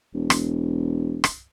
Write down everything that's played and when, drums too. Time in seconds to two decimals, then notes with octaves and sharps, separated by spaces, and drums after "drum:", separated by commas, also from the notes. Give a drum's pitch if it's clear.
0.14 E1
0.30 drum: rim click
1.24 drum: rim click